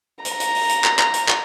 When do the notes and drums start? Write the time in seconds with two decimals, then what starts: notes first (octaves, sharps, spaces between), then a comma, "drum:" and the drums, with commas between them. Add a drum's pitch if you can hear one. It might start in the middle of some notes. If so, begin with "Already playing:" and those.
0.25 A#5, drum: hi-hat
0.40 drum: hi-hat
0.55 drum: open hi-hat
0.69 drum: hi-hat
0.84 drum: clap
0.99 drum: clap
1.14 drum: hi-hat
1.28 drum: clap